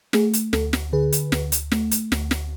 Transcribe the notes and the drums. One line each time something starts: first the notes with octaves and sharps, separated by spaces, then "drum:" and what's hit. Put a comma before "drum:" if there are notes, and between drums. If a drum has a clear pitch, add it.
A3 G#4, drum: snare
drum: hi-hat
D2 A4, drum: snare
drum: snare
D3 G#4 B4
drum: hi-hat
D2, drum: snare
drum: hi-hat
A3, drum: snare
drum: hi-hat
D2, drum: snare
drum: snare